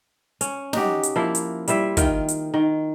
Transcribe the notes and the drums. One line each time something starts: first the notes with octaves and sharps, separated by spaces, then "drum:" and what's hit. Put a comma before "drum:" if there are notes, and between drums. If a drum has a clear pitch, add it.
C#4, drum: hi-hat
D#4 F#4 G4, drum: snare
drum: hi-hat
F3 A#3 E4
drum: hi-hat
G3 E4 C5 E5, drum: hi-hat
D#3 F4 G5, drum: kick, hi-hat
drum: hi-hat
D#3